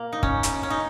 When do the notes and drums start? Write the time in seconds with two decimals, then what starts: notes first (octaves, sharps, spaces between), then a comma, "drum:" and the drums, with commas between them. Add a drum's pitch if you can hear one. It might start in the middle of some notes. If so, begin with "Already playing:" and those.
Already playing: A#2 A#3
0.13 D#4
0.23 C#4, drum: kick
0.43 drum: hi-hat
0.63 C#4
0.70 D#4